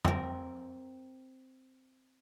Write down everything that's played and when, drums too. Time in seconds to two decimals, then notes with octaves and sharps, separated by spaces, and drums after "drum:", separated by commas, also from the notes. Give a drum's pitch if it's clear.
0.05 C4 A#4, drum: tom F2